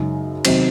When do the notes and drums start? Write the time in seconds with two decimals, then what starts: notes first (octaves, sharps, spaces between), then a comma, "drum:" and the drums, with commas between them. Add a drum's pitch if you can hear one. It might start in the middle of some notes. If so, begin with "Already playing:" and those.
Already playing: F#2 C#3 G#3 D#4
0.45 C3 D#3 F#3 C4, drum: cymbal